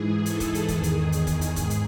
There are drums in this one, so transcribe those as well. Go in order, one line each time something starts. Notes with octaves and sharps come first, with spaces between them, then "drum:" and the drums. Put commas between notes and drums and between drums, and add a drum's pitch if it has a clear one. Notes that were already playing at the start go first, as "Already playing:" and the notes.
Already playing: G#2 E3 G#4
A4, drum: hi-hat
drum: kick, hi-hat
drum: hi-hat
E2 D#3 G#4, drum: kick, hi-hat
drum: hi-hat
drum: hi-hat
drum: kick, hi-hat
drum: hi-hat
G#2, drum: kick, hi-hat
drum: hi-hat